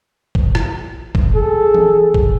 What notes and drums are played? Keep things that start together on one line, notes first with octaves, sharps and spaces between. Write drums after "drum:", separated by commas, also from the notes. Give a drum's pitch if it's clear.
drum: kick
drum: rim click
drum: kick
G#4 A4
drum: tom E3
drum: kick